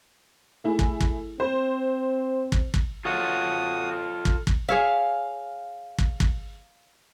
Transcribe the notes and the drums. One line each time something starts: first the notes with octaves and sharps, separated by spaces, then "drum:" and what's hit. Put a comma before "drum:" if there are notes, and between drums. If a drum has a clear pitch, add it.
A3 E4 G#4
drum: kick
drum: kick
C4 C5
drum: kick
drum: kick
F4 F#4 A4 C#5 D#6
drum: kick
drum: kick
G#4 C#5 E5 F5
drum: kick
drum: kick